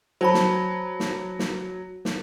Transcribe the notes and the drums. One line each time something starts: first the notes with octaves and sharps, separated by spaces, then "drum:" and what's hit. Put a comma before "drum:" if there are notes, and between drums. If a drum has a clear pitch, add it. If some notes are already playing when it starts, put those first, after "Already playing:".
F#3 C5 A5 B5
drum: snare
drum: snare
drum: snare
drum: snare